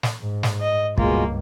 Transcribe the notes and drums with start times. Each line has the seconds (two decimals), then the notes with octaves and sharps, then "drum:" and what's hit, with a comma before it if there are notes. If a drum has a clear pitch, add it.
0.03 drum: snare
0.21 G#2
0.43 drum: snare
0.61 D#5
0.98 C#2 G2 B2 G#3 A#3 F4, drum: kick